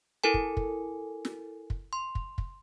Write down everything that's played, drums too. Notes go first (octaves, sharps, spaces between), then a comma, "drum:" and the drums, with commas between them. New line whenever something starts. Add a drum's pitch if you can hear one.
E4 A4 A#4 G#5
drum: kick
drum: kick
drum: snare
drum: kick
C6
drum: kick
drum: kick